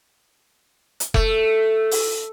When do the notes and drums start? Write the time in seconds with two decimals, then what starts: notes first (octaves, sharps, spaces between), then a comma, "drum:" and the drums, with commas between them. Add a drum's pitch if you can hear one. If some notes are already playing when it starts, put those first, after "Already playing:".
1.00 drum: hi-hat
1.14 A3, drum: kick F1
1.91 drum: open hi-hat